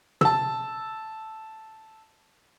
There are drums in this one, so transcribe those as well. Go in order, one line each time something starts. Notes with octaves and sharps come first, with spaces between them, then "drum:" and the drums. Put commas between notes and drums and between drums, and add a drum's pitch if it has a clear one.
A5 E6, drum: tom